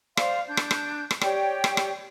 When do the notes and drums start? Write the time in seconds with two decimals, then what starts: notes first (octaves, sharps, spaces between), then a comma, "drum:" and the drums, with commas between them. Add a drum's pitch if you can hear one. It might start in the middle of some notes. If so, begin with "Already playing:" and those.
0.17 C5 D5 F5 C6, drum: rim click
0.47 D4 G6
0.57 drum: rim click
0.71 drum: rim click
1.11 drum: rim click
1.21 G4 C#5 D5 G5, drum: rim click
1.64 drum: rim click
1.77 drum: rim click